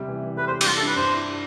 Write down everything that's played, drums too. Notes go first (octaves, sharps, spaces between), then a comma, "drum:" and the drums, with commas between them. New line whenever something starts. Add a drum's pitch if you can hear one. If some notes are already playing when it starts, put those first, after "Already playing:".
Already playing: C3 G3
E3
E3
G3 B4
C5
G3
G4, drum: cymbal
G3 F4
A4
D4
B4
G2 C5
E4